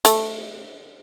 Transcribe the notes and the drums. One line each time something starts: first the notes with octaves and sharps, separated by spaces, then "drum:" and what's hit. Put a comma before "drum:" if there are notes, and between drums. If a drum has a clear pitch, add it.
A3, drum: hi-hat